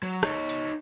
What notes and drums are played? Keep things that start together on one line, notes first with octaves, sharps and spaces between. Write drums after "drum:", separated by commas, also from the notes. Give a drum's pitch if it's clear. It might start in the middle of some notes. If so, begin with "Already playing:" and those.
F#3
D#4 C#5, drum: rim click
drum: hi-hat